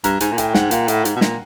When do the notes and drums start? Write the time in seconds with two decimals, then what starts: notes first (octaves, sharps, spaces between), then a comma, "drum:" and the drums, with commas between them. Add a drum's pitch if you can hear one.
0.04 G2 A#5, drum: hi-hat
0.20 G#2 G#5, drum: hi-hat
0.32 A#2
0.38 A2 G5, drum: hi-hat
0.55 G#2 F#5, drum: snare
0.71 A#2 F5, drum: hi-hat
0.88 A2, drum: hi-hat
1.05 G#2, drum: hi-hat
1.16 B2
1.21 A#2, drum: snare